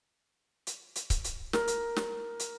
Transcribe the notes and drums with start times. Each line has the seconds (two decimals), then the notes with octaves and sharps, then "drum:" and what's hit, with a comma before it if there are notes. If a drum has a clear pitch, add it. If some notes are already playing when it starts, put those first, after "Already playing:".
0.67 drum: hi-hat
0.96 drum: hi-hat
1.10 drum: kick C#1, hi-hat
1.24 drum: hi-hat
1.53 A#4, drum: snare
1.68 drum: hi-hat
1.96 drum: snare
2.40 drum: hi-hat